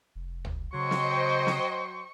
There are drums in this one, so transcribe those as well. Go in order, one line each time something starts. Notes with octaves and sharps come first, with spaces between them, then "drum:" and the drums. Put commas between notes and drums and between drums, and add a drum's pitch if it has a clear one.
F1
drum: tom C#2
C#3 F#3 C5 D#5 G5 C6 C#6
drum: snare
drum: snare